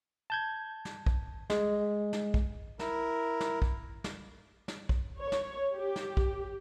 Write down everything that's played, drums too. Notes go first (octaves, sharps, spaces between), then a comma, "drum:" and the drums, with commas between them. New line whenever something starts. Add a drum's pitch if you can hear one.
A5 G6 G#6
drum: snare
drum: kick
G#3, drum: snare
drum: snare
drum: kick
E4 A#4, drum: snare
drum: snare
drum: kick
drum: snare
drum: snare
drum: kick
C#5
drum: snare
G4
drum: snare
drum: kick